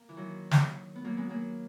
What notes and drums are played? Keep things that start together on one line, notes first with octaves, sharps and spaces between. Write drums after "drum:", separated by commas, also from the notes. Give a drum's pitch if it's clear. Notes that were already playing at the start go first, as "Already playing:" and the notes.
Already playing: A#3
E3
D#3 F#3
drum: snare
B3
F#3 A#3
G#3 B3
F#3 A#3